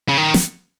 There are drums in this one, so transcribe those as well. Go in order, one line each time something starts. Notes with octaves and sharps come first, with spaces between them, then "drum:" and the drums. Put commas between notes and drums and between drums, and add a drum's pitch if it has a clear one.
C#3
D#3
drum: snare